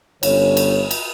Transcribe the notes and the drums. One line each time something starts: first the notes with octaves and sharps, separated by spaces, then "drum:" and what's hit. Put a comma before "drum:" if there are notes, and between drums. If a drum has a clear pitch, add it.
G1 D3 C#4 C#5, drum: cymbal
drum: cymbal
drum: cymbal